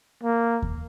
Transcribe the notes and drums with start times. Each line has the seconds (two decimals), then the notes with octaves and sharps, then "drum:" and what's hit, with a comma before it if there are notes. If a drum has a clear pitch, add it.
0.23 A#3
0.62 drum: kick D#2